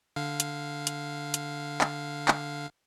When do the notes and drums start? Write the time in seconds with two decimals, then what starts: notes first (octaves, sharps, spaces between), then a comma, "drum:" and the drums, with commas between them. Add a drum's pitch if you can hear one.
0.16 D3 F5
0.40 drum: hi-hat
0.87 drum: hi-hat
1.34 drum: hi-hat
1.81 drum: clap
2.28 drum: clap